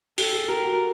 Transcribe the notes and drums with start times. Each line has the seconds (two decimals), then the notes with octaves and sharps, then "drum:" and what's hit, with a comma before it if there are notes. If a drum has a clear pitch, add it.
0.18 G4 A4, drum: open hi-hat
0.33 G#4
0.48 G4 A#4
0.64 F#4